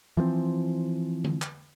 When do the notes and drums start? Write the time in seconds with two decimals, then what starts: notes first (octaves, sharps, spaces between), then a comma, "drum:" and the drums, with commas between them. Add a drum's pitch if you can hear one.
0.17 E3 F3 A#3 C4
1.24 drum: tom D3
1.42 drum: clap